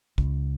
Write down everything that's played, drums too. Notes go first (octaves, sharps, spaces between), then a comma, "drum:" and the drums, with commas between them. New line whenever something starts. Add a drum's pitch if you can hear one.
C#2, drum: kick